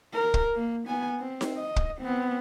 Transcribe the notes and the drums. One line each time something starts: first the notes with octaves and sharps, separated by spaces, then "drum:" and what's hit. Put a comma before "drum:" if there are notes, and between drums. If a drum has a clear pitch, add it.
A#4
drum: kick
A#3
B3 G#5
C4
drum: snare D#4
D#5
drum: kick
B3 C4